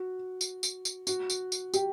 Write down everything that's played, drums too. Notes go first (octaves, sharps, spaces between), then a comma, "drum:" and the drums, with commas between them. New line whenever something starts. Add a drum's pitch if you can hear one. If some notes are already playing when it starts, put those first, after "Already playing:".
Already playing: F#4
drum: tambourine
drum: tambourine
drum: tambourine
F#4, drum: tambourine
drum: tambourine
drum: tambourine
G4, drum: tambourine